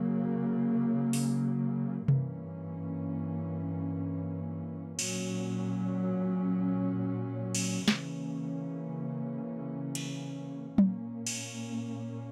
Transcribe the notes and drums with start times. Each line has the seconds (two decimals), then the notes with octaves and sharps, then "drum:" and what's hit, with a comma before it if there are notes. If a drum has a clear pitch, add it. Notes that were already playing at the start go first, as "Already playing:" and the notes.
Already playing: C#3 F#3 A#3
1.13 drum: open hi-hat
2.08 G2 E3 A#3 C#4, drum: tom C3
4.99 A#2 F#3 C#4, drum: cymbal
7.55 drum: cymbal
7.88 C#3 E3 A#3 C#4, drum: snare
9.95 drum: cymbal
10.78 A#2 A#3 C#4, drum: tom F#3
11.26 drum: cymbal